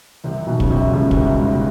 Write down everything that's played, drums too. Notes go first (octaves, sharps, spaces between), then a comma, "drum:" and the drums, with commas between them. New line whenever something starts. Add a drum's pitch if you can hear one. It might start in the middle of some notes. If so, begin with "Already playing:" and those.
C2 C3
B1 B2
C#3, drum: kick
C2 C3
C#2 C#3
B2, drum: kick
C2 C3
G#1 G#2